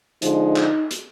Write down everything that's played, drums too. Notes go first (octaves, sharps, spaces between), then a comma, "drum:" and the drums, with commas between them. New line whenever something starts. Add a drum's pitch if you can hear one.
D3 F3 G#3 D#4, drum: hi-hat
drum: clap
drum: hi-hat